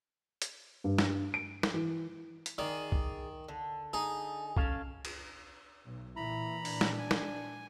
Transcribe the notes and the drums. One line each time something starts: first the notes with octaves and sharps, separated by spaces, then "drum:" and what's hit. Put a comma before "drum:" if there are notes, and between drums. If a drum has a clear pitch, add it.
drum: hi-hat
G2
drum: snare
D7
drum: snare
E3
drum: hi-hat
D#3 G#4 D5
drum: kick C2
D3
D#4 G#4
C#4 A4 F5, drum: kick C2
drum: cymbal
B1
A#2 E3 E4 A#5 B5
D4, drum: open hi-hat
drum: snare
G#5
drum: snare